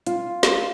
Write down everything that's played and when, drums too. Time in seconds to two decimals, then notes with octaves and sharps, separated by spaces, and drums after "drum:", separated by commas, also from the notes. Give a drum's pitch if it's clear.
0.06 F4, drum: hi-hat
0.43 drum: snare